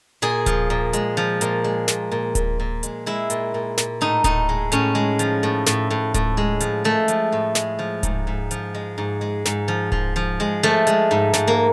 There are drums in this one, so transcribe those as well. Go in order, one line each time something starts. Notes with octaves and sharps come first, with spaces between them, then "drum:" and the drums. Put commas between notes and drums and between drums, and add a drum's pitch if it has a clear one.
A#2 G#4
F3, drum: kick D1, hi-hat
A#2
G#3, drum: hi-hat
F3
A#2, drum: hi-hat
G#3
A#2, drum: snare
A#2
A#2, drum: kick D1, hi-hat
A#2
G#3, drum: hi-hat
G#3 E4
A#2, drum: hi-hat
A#2
A#2, drum: snare
A2 D#4
A2 D#4, drum: kick D1, hi-hat
G#3
A2 C#4, drum: hi-hat
G#3
F3, drum: hi-hat
A2
A2, drum: snare
A2
A2, drum: kick D1, hi-hat
G#3
F3, drum: hi-hat
G#3 A3
F3, drum: hi-hat
A2
G#3, drum: snare
F3
G#2, drum: kick D1, hi-hat
G#2
F3, drum: hi-hat
G#3
G#2
G#3
G#2, drum: snare
F3
F3, drum: kick D1
F3
G#3
F3 A3
G#3, drum: hi-hat
G#2
G#2, drum: snare
A#3